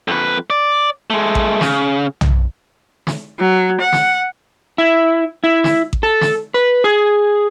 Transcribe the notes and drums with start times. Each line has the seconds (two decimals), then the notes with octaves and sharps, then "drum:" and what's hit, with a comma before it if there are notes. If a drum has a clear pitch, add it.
0.08 F2 B4
0.50 D5
1.10 G#3 A3
1.35 drum: kick A1
1.61 C#3, drum: snare
2.21 drum: tom B1
3.07 drum: snare
3.39 F#3
3.80 F#5
3.93 drum: snare
4.78 E4
5.44 E4
5.64 drum: snare
5.93 drum: kick A1
6.03 A4
6.21 drum: snare
6.54 B4
6.84 G#4